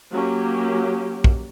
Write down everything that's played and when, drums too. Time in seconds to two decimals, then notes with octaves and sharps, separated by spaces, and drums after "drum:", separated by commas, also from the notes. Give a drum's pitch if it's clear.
0.11 F#3 A#3 C#4 G4
1.24 drum: kick